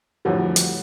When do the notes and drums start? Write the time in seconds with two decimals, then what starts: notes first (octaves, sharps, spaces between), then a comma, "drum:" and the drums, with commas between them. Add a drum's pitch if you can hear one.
0.25 F2 A2 D3 E3 F#3 G3
0.56 drum: hi-hat